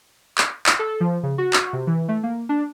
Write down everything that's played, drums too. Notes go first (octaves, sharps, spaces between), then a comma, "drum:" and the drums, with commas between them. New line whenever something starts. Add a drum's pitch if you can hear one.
drum: clap
drum: clap
A4
F3
C#3
F#4
F#4, drum: clap
C3
E3
A3
A#3
D4